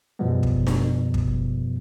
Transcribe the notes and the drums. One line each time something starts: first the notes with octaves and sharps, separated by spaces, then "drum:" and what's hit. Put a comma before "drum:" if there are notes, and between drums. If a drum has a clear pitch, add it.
F#2 B2 F3 G3 G#3 B3
drum: kick
drum: snare D4
drum: kick